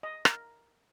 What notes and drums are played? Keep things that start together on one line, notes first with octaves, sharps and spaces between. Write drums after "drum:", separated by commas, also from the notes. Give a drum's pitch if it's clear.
D#5
A#4, drum: rim click